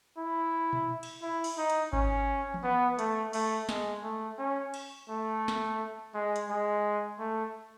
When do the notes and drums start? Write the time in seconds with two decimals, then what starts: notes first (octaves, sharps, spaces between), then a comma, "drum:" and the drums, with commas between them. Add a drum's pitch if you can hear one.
0.17 E4
0.73 drum: tom A#2
1.03 drum: cymbal
1.23 E4
1.44 drum: cymbal
1.58 D#4
1.70 drum: hi-hat
1.93 C#4, drum: kick G#1
2.54 drum: tom E3
2.63 B3
2.99 A3, drum: hi-hat
3.33 A3, drum: cymbal
3.69 G#3, drum: snare
4.04 A3
4.39 C#4
4.74 drum: cymbal
5.09 A3
5.48 drum: snare
6.14 G#3
6.36 drum: hi-hat
6.50 G#3
7.19 A3